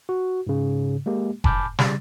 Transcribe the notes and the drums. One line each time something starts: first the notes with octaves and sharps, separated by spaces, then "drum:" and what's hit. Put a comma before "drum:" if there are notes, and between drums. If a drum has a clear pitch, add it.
F#4
G#2 C#3
G#3 A#3 G4
G#5 A5 B5 D6 F6 G6, drum: kick F1
C#3 G3 A6, drum: snare